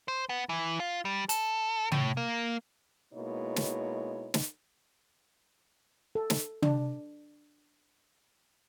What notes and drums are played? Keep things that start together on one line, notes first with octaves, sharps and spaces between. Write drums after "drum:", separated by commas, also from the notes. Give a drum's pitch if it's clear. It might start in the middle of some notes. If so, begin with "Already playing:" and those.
C5
B3
E3
F4
G3
A4, drum: hi-hat
A2, drum: tom
A#3
B2 G#3 A#3 D#4 E4 C#5
drum: snare
drum: snare
A4
drum: snare
D4, drum: tom